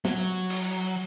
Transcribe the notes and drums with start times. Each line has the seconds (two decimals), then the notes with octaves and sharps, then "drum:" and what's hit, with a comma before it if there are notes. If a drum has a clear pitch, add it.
0.05 F#3, drum: snare
0.50 drum: cymbal